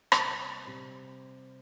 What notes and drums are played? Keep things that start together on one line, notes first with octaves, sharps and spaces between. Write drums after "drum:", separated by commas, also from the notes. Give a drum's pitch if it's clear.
C3 G3 C4, drum: rim click
C3 G3 C4